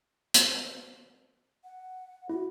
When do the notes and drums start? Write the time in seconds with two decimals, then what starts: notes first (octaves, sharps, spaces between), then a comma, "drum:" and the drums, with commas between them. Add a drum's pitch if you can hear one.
0.34 drum: hi-hat
1.64 F#5
2.29 E4 F#4